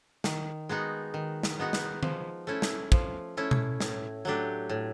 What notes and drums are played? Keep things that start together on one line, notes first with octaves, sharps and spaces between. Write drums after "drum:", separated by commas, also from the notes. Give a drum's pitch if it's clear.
D#3, drum: snare
G#3 B3 D#4 F#4
D#3
drum: snare
G#3 B3 D#4 F#4
drum: snare
F3, drum: tom D#3
A3 C#4 E4
drum: snare
F3, drum: kick
A3 C#4 E4
drum: tom B2
A2, drum: snare
F#3 A3 D4 G4
A2